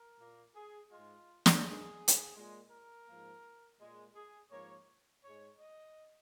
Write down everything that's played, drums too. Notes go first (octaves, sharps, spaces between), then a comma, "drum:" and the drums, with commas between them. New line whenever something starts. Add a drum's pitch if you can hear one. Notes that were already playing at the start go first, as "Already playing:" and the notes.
Already playing: A#4
A#2 A#3
G#4
G#2 G#3 F4
drum: snare
G#2 D#3 G#3 G#4
drum: hi-hat
A#2 G#3
A#4
G#2 F3 A#3
A#2 G#3
G#4
G#2 F3 A#3 C#5
G#2 G#3 C#5
D#5